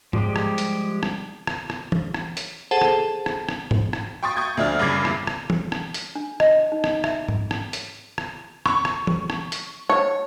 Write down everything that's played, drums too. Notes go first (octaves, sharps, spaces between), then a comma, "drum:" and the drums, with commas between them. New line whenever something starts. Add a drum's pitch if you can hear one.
F3 G3 G#3 G4, drum: tom G#2
drum: rim click
drum: hi-hat
drum: rim click
drum: rim click
drum: rim click
drum: tom E3
drum: rim click
drum: hi-hat
G#4 A4 C5 F#5 A5
drum: rim click
drum: rim click
drum: rim click
drum: tom
drum: rim click
G5 C6 C#6 D#6 A6
C#6 D#6 G6 G#6
D2 F3 D4 F6
F#1 G2 C#3 D6 G#6 C7
drum: rim click
drum: rim click
drum: tom
drum: rim click
drum: hi-hat
D4
D#5, drum: rim click
D#4
drum: rim click
E5, drum: rim click
drum: tom G#2
drum: rim click
drum: hi-hat
drum: rim click
C#6, drum: rim click
drum: rim click
drum: tom
drum: rim click
drum: hi-hat
C#5